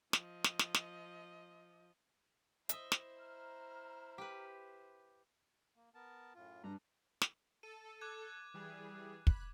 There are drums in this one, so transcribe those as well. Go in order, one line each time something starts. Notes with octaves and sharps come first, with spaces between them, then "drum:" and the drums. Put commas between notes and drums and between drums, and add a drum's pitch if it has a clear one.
F3 D#5, drum: snare
drum: snare
drum: snare
drum: snare
E4 C5 D#5 E5, drum: hi-hat
drum: snare
A#5 F6
G4 B4
A#3
B3 A#4 A5
F#2 A2 F4
G2 A#5
drum: snare
A4 D#7
D6 F#6 G#6
E3 G3 G#4
B5 F#6, drum: kick